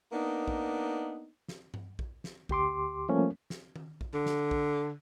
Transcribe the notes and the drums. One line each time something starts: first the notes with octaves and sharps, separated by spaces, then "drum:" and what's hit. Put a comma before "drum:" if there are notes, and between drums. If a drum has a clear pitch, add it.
A#3 B3 D4 D#4
drum: kick A#1
drum: snare
drum: tom G2
drum: kick A#1
drum: snare
D2 G4 C6 D6, drum: kick A#1
F3 G3 A3 A#3 C#4
drum: snare
drum: tom D#3
drum: kick A#1
D3
drum: snare
drum: kick A#1